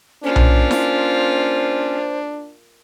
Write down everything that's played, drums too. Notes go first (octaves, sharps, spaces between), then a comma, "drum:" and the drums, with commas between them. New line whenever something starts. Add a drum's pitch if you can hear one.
A#3 C#4 D4 F4 C5
drum: tom B1
drum: snare E4